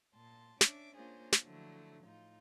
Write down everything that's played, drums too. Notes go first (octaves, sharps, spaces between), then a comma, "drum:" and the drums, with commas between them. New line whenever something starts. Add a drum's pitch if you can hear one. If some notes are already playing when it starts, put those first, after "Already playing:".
A#2 A5 C6
C#4 D4 E5 D6, drum: snare
A#3 C#4 D4 F4 G#4 C5
drum: snare
D3 F3 F#3 A3 E4
A2 D#4 F4